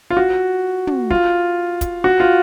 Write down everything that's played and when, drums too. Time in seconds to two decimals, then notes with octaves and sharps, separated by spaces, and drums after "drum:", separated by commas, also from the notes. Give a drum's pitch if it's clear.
0.10 F4
0.17 F#4
0.87 drum: tom
1.10 F4, drum: kick
1.81 drum: kick, hi-hat
2.04 F#4
2.20 F4